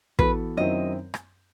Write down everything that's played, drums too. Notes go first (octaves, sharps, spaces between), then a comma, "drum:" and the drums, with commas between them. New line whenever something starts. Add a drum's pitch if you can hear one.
E3 B3 F#4 A4 B4, drum: kick
F#2 D#3 F#3 C4 E4 D#5
drum: rim click